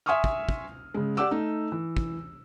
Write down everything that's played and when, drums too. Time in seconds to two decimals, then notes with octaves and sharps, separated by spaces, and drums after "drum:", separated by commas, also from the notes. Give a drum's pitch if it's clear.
0.06 E5 G#5 C6 C#6 D#6 F6
0.24 drum: kick
0.49 drum: kick
0.94 C#3 G#3
1.17 G4 D5 F#5 D6 E6
1.31 A3 D#4
1.72 E3
1.97 drum: kick